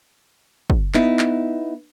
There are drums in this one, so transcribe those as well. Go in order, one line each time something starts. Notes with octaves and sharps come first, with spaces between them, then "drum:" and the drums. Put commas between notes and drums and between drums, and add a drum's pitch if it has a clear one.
drum: kick
B3 D#4 E4, drum: clap
drum: clap